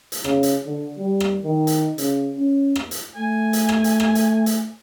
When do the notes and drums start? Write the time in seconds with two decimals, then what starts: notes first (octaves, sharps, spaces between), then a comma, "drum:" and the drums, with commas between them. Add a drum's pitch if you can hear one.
0.12 drum: hi-hat
0.24 C#3, drum: rim click
0.43 drum: hi-hat
0.65 D3
0.98 G3
1.20 drum: rim click
1.44 D#3
1.67 drum: hi-hat
1.98 C#3, drum: hi-hat
2.36 C#4
2.76 drum: rim click
2.91 drum: hi-hat
3.15 A3 G#5
3.53 drum: hi-hat
3.69 drum: rim click
3.84 drum: hi-hat
4.00 drum: rim click
4.15 drum: hi-hat
4.46 drum: hi-hat